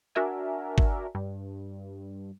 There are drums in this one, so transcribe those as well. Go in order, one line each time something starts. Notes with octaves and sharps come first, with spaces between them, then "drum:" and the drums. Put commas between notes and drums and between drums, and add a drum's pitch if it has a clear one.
D4 F#4 A#4 E5 G#5
drum: kick
G2